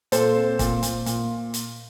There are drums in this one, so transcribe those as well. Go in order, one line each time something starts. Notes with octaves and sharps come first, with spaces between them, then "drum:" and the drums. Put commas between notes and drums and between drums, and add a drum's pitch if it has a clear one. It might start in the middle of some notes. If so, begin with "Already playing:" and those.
A#2 A4 C5, drum: hi-hat
C4
A#2, drum: kick, hi-hat
A#2, drum: hi-hat
A#2, drum: hi-hat
drum: hi-hat